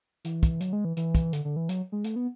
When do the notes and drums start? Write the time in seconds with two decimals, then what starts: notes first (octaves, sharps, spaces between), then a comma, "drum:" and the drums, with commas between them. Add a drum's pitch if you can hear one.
0.25 E3, drum: hi-hat
0.43 drum: kick, hi-hat
0.61 F#3, drum: hi-hat
0.73 G#3
0.85 E3
0.97 E3, drum: hi-hat
1.15 drum: kick, hi-hat
1.33 D3, drum: hi-hat
1.45 D3
1.56 E3
1.69 F#3, drum: hi-hat
1.92 G#3
2.04 A3, drum: hi-hat
2.16 B3